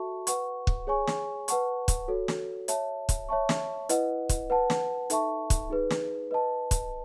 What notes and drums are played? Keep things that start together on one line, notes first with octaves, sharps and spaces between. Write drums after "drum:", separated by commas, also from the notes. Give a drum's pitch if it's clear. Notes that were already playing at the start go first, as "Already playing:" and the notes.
Already playing: F#4 A4 E5 A5 C#6
B4 F#5 C#6, drum: hi-hat
drum: kick
G#4 C#5 G#5 C#6
drum: snare
B4 F#5 A5 C#6, drum: hi-hat
drum: kick, hi-hat
F#4 A4 C#5
drum: snare
C#5 E5 A5, drum: hi-hat
drum: kick, hi-hat
C#5 E5 A5 C#6
drum: snare
E4 B4 D#5 F#5, drum: hi-hat
drum: kick, hi-hat
B4 F#5 A5
drum: snare
D#4 A4 E5 A5 C#6, drum: hi-hat
drum: kick, hi-hat
D#4 G#4 B4
drum: snare
B4 D#5 A5
drum: kick, hi-hat